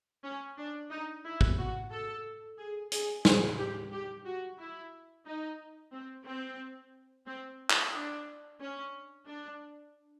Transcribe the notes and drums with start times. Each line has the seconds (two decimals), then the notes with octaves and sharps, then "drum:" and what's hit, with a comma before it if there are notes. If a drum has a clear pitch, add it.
0.23 C#4
0.58 D4
0.91 D#4
1.25 E4
1.41 drum: kick
1.58 F#4
1.91 A4
2.58 G#4
2.92 G#4, drum: hi-hat
3.25 G#4, drum: snare
3.59 G4
3.92 G4
4.25 F#4
4.59 E4
5.26 D#4
5.93 C4
6.26 C4
7.27 C4
7.70 drum: clap
7.94 D4
8.60 C#4
9.27 D4